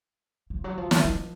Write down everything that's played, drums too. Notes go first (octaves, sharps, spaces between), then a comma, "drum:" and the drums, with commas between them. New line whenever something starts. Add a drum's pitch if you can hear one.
F3
F#3
F3
F#3, drum: snare
F3